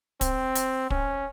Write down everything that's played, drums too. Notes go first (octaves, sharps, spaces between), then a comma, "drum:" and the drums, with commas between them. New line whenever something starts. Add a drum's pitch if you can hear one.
C4, drum: kick, hi-hat
drum: hi-hat
C#4, drum: kick